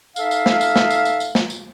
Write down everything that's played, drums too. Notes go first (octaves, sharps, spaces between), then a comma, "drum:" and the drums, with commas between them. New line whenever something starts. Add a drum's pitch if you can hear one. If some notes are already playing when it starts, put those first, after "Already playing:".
D#4 A4 E5 F5, drum: tambourine
drum: tambourine
drum: snare
drum: tambourine
drum: snare
drum: tambourine
drum: tambourine
drum: tambourine
drum: snare
drum: tambourine